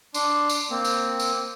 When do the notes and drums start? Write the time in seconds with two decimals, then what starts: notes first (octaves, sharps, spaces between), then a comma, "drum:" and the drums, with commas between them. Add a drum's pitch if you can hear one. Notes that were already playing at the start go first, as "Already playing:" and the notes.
0.14 D4 C6, drum: tambourine
0.49 drum: tambourine
0.70 A#3 C4
0.84 drum: tambourine
1.20 drum: tambourine